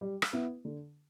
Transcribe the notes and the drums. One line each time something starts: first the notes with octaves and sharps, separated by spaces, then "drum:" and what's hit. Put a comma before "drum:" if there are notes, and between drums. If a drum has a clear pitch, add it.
G3
drum: rim click
B3 E4 B4
D3